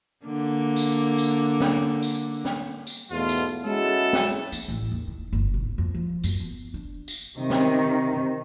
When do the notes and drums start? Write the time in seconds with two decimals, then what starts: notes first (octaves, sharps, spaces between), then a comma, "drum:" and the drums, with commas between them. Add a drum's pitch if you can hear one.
0.25 D3 A#3
0.76 drum: tambourine
1.18 drum: tambourine
1.60 drum: snare
2.03 drum: tambourine
2.45 drum: snare
2.87 drum: tambourine
3.12 E2 G#2 B2 A3 B3 F4
3.29 drum: tambourine
3.65 G#3 C#4 E4 F#4 G#4 A4
4.13 drum: snare
4.52 D4, drum: tambourine
4.68 A1
4.92 D#2
5.07 D#3
5.33 G1
5.54 B1
5.78 F2
5.94 F3
6.24 F#2, drum: tambourine
6.40 B3
6.74 D4
7.08 drum: tambourine
7.38 C3 D#3
7.50 drum: snare